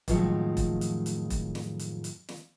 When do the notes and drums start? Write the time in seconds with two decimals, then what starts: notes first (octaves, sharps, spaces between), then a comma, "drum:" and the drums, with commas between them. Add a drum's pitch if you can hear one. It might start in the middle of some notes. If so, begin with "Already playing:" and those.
0.08 F2 A2 D#3 F3 F#3 G#3, drum: kick E1, hi-hat
0.57 drum: kick E1, hi-hat
0.81 drum: hi-hat
1.06 drum: hi-hat
1.30 drum: kick E1, hi-hat
1.55 drum: snare
1.79 drum: hi-hat
2.04 drum: hi-hat
2.29 drum: snare